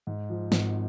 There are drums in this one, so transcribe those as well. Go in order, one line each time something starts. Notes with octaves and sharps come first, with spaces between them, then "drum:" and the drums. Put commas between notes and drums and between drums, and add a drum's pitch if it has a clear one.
G#2
F3
G#1, drum: snare